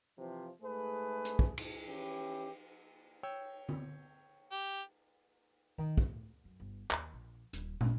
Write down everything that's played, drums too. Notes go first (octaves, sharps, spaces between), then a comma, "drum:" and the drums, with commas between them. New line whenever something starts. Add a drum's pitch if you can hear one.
C3 E3 F3
G#2 A3 G#4 B4
drum: hi-hat
drum: kick
drum: cymbal
E3 C#4 G4
C#5 G5 E6
drum: tom D3
G4
D#3
A2, drum: kick
F#2
G1
D#2, drum: clap
A#1
D#1, drum: hi-hat
A1, drum: tom